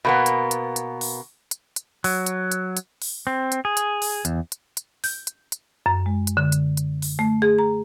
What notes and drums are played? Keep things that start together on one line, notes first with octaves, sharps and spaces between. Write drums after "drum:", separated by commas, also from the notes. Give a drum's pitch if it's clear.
B2 A#3 B3
drum: hi-hat
drum: hi-hat
drum: hi-hat
drum: open hi-hat
drum: hi-hat
drum: hi-hat
F#3, drum: open hi-hat
drum: hi-hat
drum: hi-hat
drum: hi-hat
drum: open hi-hat
C4
drum: hi-hat
G#4
drum: hi-hat
drum: open hi-hat
E2, drum: hi-hat
drum: hi-hat
drum: hi-hat
G6, drum: open hi-hat
drum: hi-hat
drum: hi-hat
F#2
G#3
drum: hi-hat
D3
drum: hi-hat
drum: hi-hat
drum: open hi-hat
A3
G#4
A#5